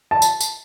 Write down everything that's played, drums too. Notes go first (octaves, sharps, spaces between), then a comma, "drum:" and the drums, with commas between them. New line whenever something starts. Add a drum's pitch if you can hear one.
A5
drum: tambourine
drum: tambourine